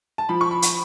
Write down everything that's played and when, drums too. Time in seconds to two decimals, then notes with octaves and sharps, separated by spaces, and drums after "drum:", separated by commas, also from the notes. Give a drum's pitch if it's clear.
0.18 A5
0.29 F3 B5
0.41 C#6
0.51 B5
0.62 drum: hi-hat